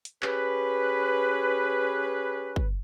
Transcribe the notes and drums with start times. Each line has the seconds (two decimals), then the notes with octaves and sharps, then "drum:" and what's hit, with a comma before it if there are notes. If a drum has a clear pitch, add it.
0.05 drum: hi-hat
0.22 C#4 G4 G#4 B4, drum: clap
2.56 drum: kick